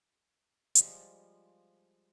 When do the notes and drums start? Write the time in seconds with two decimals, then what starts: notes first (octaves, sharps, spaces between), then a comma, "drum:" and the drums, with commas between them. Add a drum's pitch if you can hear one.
0.75 F3 G3 G#3 F4, drum: hi-hat